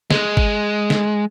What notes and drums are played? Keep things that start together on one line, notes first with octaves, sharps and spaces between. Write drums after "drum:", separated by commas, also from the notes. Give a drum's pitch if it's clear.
G#3, drum: snare
drum: kick G1
drum: snare